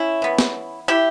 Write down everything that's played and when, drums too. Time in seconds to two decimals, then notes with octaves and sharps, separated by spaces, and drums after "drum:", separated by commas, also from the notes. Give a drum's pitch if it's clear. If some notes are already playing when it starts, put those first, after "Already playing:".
Already playing: C#4 E4
0.22 E3 B3
0.39 drum: snare
0.88 E4 G4